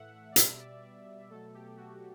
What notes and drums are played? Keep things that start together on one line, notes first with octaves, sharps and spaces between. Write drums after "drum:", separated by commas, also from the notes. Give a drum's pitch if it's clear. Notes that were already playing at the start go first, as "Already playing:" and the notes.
Already playing: A2 E3 A3 E5 F#5
D5
B2 G3 E5, drum: hi-hat
D5
D5
B2 F#3 A3 A4
G4
F#4